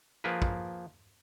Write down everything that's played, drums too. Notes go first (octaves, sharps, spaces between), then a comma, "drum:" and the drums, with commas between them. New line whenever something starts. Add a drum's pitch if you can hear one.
F3 A#3 G#4 A#4 B4
drum: kick